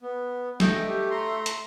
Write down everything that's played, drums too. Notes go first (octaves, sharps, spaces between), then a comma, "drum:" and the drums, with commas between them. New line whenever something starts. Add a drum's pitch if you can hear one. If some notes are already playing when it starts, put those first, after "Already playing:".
B3
A3 D#5 G5, drum: snare
G4
A#5 C6
drum: hi-hat